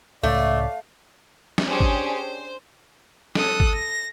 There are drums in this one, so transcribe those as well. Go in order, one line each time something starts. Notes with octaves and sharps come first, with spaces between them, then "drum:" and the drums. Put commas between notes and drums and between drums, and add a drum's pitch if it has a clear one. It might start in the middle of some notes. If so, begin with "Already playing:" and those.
C#2 A2 A3 C#5 D5 F5
drum: snare
C#4 D4 G4 G#4 C5
drum: kick G#1
C5
A4 D#6 F#6, drum: snare
drum: kick G#1
A#6